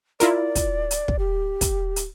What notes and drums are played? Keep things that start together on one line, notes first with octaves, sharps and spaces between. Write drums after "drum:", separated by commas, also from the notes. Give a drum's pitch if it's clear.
E4 F4 A#4 D5, drum: hi-hat
drum: kick, hi-hat
drum: hi-hat
drum: kick
G4
drum: kick, hi-hat
drum: hi-hat